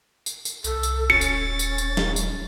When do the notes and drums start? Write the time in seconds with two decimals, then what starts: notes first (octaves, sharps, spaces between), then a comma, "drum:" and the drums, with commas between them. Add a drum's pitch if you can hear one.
0.26 drum: tambourine
0.45 drum: tambourine
0.64 C2 A4, drum: tambourine
0.83 drum: tambourine
1.10 D#1 C#4 A6 C#7
1.21 drum: tambourine
1.59 drum: tambourine
1.78 drum: tambourine
1.97 drum: snare
2.16 drum: tambourine